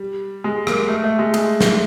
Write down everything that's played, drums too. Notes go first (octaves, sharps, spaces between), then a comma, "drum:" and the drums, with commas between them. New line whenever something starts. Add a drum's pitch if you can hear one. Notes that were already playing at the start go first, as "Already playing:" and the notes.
Already playing: G3
G#3
A#3, drum: rim click
A3
A3
G#3
G#3, drum: cymbal
drum: snare